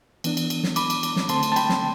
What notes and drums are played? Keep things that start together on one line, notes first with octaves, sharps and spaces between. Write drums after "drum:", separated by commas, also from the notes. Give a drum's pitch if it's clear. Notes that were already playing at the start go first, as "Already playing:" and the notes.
E3 B3 D4, drum: cymbal
drum: cymbal
drum: cymbal
drum: snare
B5 D6, drum: cymbal
drum: cymbal
drum: cymbal
drum: snare
D3 A3 C4 A5 C6, drum: cymbal
drum: cymbal
A5
G5 B5, drum: cymbal
drum: snare